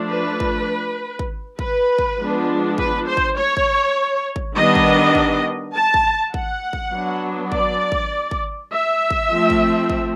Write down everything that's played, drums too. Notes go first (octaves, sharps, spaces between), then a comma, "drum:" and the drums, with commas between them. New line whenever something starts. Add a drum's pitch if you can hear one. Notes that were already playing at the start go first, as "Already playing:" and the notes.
Already playing: F3 A3 D4
B4
drum: kick
drum: kick
B4, drum: kick
drum: kick
F3 G#3 B3 D4
B4, drum: kick
C5
drum: kick
C#5
drum: kick
drum: kick
D#3 G3 B3 D4 D#5
drum: kick
drum: kick
A5
drum: kick
F#5, drum: kick
drum: kick
F#3 B3 D4
D5, drum: kick
drum: kick
drum: kick
E5
drum: kick
F3 A3 C4
drum: kick
drum: kick